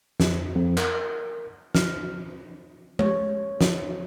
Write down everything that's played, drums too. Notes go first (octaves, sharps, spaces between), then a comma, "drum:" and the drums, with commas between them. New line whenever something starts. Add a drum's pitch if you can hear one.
F2, drum: snare
F2
A#4, drum: clap
F6, drum: snare
C#5, drum: tom G#3
drum: snare